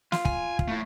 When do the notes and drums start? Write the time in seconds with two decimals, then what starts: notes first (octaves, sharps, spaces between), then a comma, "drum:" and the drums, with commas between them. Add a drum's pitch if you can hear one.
0.12 F4, drum: snare
0.25 G#5, drum: kick
0.59 drum: kick
0.68 A3 E4